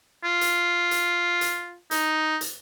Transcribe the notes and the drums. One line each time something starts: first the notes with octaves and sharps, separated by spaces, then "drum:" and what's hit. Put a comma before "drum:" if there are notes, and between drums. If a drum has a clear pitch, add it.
F4
drum: hi-hat
drum: hi-hat
drum: hi-hat
D#4, drum: hi-hat
drum: hi-hat